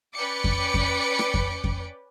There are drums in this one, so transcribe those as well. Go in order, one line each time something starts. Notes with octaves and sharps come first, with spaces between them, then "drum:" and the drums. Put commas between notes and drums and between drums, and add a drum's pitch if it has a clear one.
C#4 B4 D5 G5 D6 C#7
drum: kick F2
drum: kick F2
drum: rim click
drum: kick F2
drum: kick F2